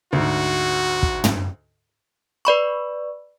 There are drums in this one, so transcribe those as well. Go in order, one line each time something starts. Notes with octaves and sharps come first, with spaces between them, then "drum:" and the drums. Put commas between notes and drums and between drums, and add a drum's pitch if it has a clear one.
D2 G#2 F#4
drum: kick
drum: tom
B4 D5 B5 C#6